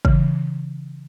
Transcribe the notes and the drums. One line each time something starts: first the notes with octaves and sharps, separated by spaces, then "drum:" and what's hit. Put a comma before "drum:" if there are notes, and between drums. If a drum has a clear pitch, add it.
C#3 E3, drum: kick